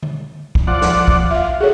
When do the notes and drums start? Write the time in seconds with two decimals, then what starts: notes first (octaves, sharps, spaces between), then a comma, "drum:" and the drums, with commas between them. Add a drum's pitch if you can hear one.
0.03 drum: tom D3
0.55 drum: kick
0.67 F3 D5 F#5
0.82 drum: snare
1.08 drum: kick
1.31 F4 E5 F5
1.61 F#4 G#4 A4 C#5